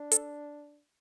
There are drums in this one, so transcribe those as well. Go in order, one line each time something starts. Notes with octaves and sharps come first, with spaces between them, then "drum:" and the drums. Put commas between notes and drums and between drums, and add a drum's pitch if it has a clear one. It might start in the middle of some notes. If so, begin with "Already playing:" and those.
Already playing: D4
A4, drum: hi-hat